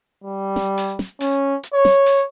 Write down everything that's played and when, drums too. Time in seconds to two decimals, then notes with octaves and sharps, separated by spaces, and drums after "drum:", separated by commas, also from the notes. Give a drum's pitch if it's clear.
0.24 G3
0.56 drum: snare
0.78 drum: open hi-hat
0.99 drum: snare
1.20 C#4, drum: open hi-hat
1.63 drum: hi-hat
1.74 C#5
1.85 drum: snare
2.06 drum: open hi-hat